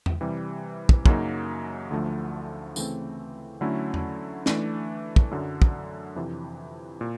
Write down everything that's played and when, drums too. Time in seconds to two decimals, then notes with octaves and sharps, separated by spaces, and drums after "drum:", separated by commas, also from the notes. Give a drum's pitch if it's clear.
0.06 drum: tom E2
0.21 C3 E3 G3
0.89 drum: kick
1.06 F#2 C#3 F#3 A#3 D#4, drum: kick
1.90 D2 D3 F3 A3
2.76 C#3 E3 A3 C4, drum: tambourine
3.61 D3 F#3 A3 C#4 E4
3.94 drum: tom E2
4.46 E3 A3 D4, drum: snare
5.16 drum: kick
5.31 F#2 D3 F#3
5.62 drum: kick
6.16 F2 C3 E3
7.01 A#2